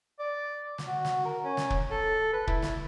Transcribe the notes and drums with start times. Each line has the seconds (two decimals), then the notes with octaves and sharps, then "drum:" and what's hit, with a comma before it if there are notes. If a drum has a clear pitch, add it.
0.19 D5
0.78 drum: snare
0.87 F#4
1.05 drum: snare
1.25 A#4
1.44 C#4
1.57 drum: snare
1.70 drum: kick
1.91 A4
2.33 B4
2.47 E4, drum: kick
2.62 drum: snare